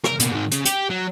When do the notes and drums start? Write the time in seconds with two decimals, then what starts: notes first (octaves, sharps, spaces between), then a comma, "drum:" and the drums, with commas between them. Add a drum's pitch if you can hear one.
0.04 A#4, drum: rim click
0.20 B2 A#3, drum: hi-hat
0.31 G#2 D#3
0.52 C#3, drum: hi-hat
0.65 G4, drum: hi-hat
0.90 F#3